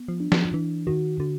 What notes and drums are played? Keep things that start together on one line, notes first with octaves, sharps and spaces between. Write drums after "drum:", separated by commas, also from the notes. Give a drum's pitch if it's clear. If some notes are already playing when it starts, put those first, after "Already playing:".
Already playing: B3
F3
D4
F3, drum: snare
E3 D4
D#3 F#4
D3 F#4